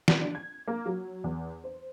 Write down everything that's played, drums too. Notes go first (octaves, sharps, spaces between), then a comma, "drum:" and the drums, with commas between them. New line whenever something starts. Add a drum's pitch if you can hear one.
drum: snare
D4
G#6
A#3
F#3
E2
C5